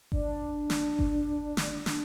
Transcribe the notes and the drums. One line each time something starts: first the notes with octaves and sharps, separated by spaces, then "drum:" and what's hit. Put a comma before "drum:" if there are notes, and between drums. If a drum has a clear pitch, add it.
D4, drum: kick G1
drum: snare
drum: kick G1
drum: snare
D4, drum: snare